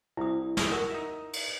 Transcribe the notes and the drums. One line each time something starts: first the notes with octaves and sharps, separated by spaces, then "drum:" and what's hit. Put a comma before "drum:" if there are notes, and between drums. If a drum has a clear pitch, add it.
C2 E4 D#6
A3 D#5, drum: snare
F#4 A#4
D#4 E5
drum: cymbal